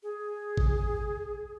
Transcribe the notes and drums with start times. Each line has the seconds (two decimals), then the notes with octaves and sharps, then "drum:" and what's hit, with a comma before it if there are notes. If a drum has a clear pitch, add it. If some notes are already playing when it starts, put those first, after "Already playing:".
0.03 G#4
0.57 drum: kick G#1